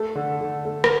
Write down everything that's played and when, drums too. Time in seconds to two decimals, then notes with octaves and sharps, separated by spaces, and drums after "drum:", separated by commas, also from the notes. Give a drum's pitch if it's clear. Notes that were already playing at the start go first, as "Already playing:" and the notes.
Already playing: A3 A4
0.15 D3
0.41 D3
0.65 A3
0.84 drum: rim click